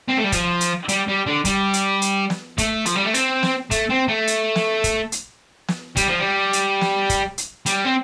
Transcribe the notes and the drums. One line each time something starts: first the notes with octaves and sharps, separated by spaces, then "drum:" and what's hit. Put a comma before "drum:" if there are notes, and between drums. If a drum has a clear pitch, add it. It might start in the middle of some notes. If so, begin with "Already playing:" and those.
C4
A3
G3
F3, drum: kick, hi-hat
drum: hi-hat
G3, drum: hi-hat
G3
D3
G3, drum: kick, hi-hat
drum: hi-hat
drum: hi-hat
drum: snare
A3, drum: kick, hi-hat
F3, drum: hi-hat
G3
A3
C4, drum: hi-hat
drum: snare
A3, drum: kick, hi-hat
C4
A3
drum: hi-hat
drum: snare
drum: kick, hi-hat
drum: hi-hat
drum: snare
G3, drum: kick, hi-hat
F3
G3
drum: hi-hat
drum: snare
drum: kick, hi-hat
drum: hi-hat
G3, drum: hi-hat
C4